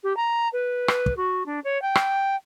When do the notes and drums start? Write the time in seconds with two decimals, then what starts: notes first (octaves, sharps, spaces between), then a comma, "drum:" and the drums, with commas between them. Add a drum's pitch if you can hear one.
0.03 G4
0.16 A#5
0.53 B4
0.88 drum: rim click
1.06 drum: kick
1.16 F#4
1.45 D4
1.64 C#5
1.81 G5
1.95 drum: rim click